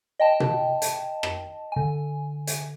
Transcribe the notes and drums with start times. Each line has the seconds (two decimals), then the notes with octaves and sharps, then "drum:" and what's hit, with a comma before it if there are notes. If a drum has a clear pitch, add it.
0.20 D#5 G5 A5
0.40 drum: tom B2
0.82 drum: hi-hat
1.23 drum: rim click
1.72 D3 G#5
2.47 drum: hi-hat